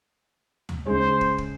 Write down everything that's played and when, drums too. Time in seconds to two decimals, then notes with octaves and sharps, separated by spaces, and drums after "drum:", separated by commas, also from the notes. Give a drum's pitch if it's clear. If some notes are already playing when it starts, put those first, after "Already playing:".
0.69 drum: tom D2
0.86 C#3 G#3 C5
1.21 drum: kick
1.38 drum: kick